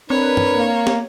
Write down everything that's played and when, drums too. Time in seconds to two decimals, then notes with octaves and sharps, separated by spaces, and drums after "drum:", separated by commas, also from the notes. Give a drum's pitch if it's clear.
0.10 C4 D4 A#4 B4 C#5
0.37 drum: tom
0.55 A#3
0.87 drum: snare